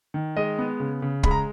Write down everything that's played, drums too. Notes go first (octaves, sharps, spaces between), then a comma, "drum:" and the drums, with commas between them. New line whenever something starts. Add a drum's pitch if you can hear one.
D#3
G#3 D#5
B3
C#3
C#3
G#3 B5, drum: kick
A#5